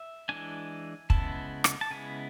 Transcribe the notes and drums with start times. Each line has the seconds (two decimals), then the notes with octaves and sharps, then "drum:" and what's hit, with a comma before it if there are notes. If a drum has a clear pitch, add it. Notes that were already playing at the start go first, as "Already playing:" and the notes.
Already playing: E5
0.29 E3 G#3 D4 G#5
1.10 C#3 G#3 B3 E4 A5, drum: kick
1.64 drum: rim click
1.81 A5
1.91 C#3 G#3 B3 E4 G#5